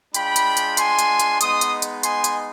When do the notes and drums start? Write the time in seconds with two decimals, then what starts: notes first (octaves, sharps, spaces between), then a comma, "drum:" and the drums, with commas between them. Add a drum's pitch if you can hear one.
0.14 G#3 D4 F4 G5 B5, drum: hi-hat
0.36 drum: hi-hat
0.57 drum: hi-hat
0.77 G#5 C6, drum: hi-hat
0.99 drum: hi-hat
1.20 drum: hi-hat
1.41 G#3 B3 D#4 C6 D#6, drum: hi-hat
1.61 drum: hi-hat
1.82 drum: hi-hat
2.03 G#5 C6, drum: hi-hat
2.24 drum: hi-hat